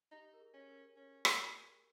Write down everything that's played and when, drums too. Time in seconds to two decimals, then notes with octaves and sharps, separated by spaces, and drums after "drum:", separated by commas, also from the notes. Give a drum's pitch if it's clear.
0.11 D#4 G4
0.34 A#4
0.40 G#4
0.54 C#4
0.68 A#4
0.96 C#4
1.25 drum: rim click
1.38 G#4